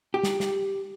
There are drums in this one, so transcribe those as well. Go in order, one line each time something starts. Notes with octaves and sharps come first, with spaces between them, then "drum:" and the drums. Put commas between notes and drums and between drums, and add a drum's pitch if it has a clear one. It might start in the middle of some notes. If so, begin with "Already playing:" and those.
G4
drum: snare
drum: snare